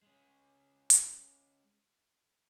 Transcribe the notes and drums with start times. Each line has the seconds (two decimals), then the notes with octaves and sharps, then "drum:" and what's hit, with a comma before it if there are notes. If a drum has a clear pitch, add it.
0.02 G#3 C#4
0.90 drum: hi-hat